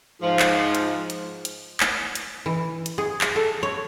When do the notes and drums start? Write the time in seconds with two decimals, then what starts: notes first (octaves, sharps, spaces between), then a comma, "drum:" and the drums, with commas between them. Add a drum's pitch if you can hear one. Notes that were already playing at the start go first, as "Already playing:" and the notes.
0.22 G#2 F3
0.39 drum: clap
0.75 drum: hi-hat
1.10 drum: hi-hat
1.45 drum: hi-hat
1.80 drum: clap
2.15 drum: hi-hat
2.46 E3
2.86 drum: hi-hat
2.98 G#4
3.21 drum: clap
3.35 A4
3.63 C#5